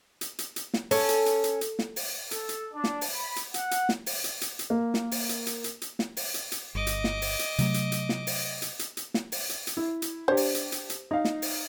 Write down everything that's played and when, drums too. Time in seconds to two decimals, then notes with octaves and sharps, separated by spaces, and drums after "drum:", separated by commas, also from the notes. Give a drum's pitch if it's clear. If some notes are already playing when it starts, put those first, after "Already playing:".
0.21 drum: hi-hat
0.39 drum: hi-hat
0.56 drum: hi-hat
0.74 drum: snare
0.91 C#4 A4, drum: open hi-hat
1.09 drum: hi-hat
1.26 drum: hi-hat
1.44 drum: hi-hat
1.61 drum: hi-hat
1.79 drum: snare
1.96 drum: open hi-hat
2.31 A4, drum: hi-hat
2.49 drum: hi-hat
2.73 D4
2.84 drum: snare
3.01 drum: open hi-hat
3.14 B5
3.36 drum: hi-hat
3.54 F#5, drum: hi-hat
3.71 drum: hi-hat
3.89 drum: snare
4.06 drum: open hi-hat
4.24 drum: hi-hat
4.41 drum: hi-hat
4.59 drum: hi-hat
4.70 A#3
4.94 drum: snare
5.11 drum: open hi-hat
5.29 drum: hi-hat
5.47 drum: hi-hat
5.64 drum: hi-hat
5.82 drum: hi-hat
5.99 drum: snare
6.17 drum: open hi-hat
6.34 drum: hi-hat
6.52 drum: hi-hat
6.75 G1 D#5 D6
6.87 drum: hi-hat
7.04 drum: snare
7.22 drum: open hi-hat
7.39 drum: hi-hat
7.58 C3 F#3 A3, drum: hi-hat
7.74 drum: hi-hat
7.92 drum: hi-hat
8.09 drum: snare
8.27 drum: open hi-hat
8.62 drum: hi-hat
8.79 drum: hi-hat
8.97 drum: hi-hat
9.14 drum: snare
9.32 drum: open hi-hat
9.49 drum: hi-hat
9.67 drum: hi-hat
9.77 E4
10.02 drum: hi-hat
10.28 D4 G4 C5 C#5
10.37 drum: open hi-hat
10.54 drum: hi-hat
10.72 drum: hi-hat
10.90 drum: hi-hat
11.11 D#4 F5
11.25 drum: snare
11.42 drum: open hi-hat